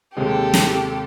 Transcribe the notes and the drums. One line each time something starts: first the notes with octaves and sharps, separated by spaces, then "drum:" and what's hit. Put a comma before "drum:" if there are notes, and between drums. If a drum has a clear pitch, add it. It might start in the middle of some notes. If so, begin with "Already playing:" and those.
D#2 C3 G#3 G4 A4
drum: snare